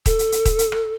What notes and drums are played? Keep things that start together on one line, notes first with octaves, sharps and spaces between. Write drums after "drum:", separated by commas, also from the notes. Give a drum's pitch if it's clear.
A4, drum: kick D#1, hi-hat
drum: hi-hat
drum: hi-hat
drum: kick D#1, hi-hat
drum: hi-hat
drum: rim click